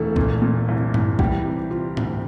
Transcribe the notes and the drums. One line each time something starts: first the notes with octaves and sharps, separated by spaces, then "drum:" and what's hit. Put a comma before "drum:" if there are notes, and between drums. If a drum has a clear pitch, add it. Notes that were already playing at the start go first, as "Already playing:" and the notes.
Already playing: E1 A3 A4
A#2, drum: kick B1
A#2
C2
C2, drum: tom G2
E3 G3 G4, drum: kick B1
C3
C3 F4
D2, drum: tom G#2